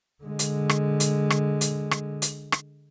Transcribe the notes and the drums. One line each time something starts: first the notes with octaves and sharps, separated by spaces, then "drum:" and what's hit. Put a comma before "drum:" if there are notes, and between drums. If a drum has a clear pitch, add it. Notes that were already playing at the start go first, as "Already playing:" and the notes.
D3 G#3
drum: hi-hat
drum: rim click
drum: hi-hat
drum: rim click
drum: hi-hat
drum: rim click
drum: hi-hat
drum: rim click